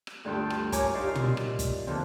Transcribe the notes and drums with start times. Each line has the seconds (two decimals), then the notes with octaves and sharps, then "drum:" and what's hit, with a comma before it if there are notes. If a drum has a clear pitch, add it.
0.07 drum: rim click
0.25 D2 G2 F4 A4 G5
0.50 drum: rim click
0.72 A#4 C#5 G#5 A#5 D6, drum: kick, hi-hat
0.94 D#4 F4 G4 D5 E5 F5
1.15 drum: tom
1.37 drum: rim click
1.59 drum: kick, hi-hat
1.87 A#2 D3 E3 F3 C4